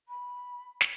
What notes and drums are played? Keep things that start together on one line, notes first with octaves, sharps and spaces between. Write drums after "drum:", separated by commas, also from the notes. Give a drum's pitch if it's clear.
B5
drum: snare